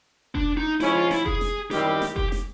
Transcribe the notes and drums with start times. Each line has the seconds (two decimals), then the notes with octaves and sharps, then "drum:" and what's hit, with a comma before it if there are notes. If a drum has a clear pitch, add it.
0.35 D4, drum: kick F1
0.57 D#4
0.80 F3 G#3 C#4 E4, drum: snare
0.96 F4
1.11 E4, drum: snare
1.26 G#4, drum: kick F1
1.41 drum: snare
1.71 F#2 D#3 G3 C4 E4 G4, drum: snare
2.02 drum: snare
2.16 G4, drum: kick F1
2.32 drum: snare